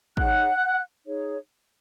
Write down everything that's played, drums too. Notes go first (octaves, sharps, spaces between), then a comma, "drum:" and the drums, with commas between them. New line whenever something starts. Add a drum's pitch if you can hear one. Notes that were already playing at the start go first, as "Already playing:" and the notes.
D#4 G#4 C#5 F#5 F#6, drum: kick
D#4 G#4 C#5